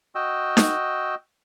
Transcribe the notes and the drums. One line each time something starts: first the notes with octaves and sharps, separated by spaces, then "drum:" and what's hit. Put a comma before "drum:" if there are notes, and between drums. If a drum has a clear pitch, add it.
F#4 D#5 G5 E6
drum: snare D#4